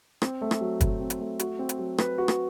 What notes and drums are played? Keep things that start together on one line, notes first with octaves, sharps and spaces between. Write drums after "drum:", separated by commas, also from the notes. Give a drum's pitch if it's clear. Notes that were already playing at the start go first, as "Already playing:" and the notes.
C4, drum: rim click
A3
drum: rim click
F#3
F#3, drum: kick, hi-hat
C4
drum: hi-hat
A3
F#4, drum: hi-hat
C4
drum: hi-hat
F#3
B4, drum: rim click
F#4
drum: rim click